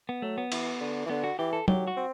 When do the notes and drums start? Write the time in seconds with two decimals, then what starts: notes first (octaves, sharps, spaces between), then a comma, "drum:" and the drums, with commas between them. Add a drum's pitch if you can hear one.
0.09 B3
0.22 F#3 A3
0.38 B3
0.52 E3, drum: cymbal
0.81 D3
1.06 E3
1.10 D3 B3
1.24 F#4
1.39 E3 G4
1.53 A4
1.68 F#3 G4, drum: tom F#3
1.87 F#4
1.97 C4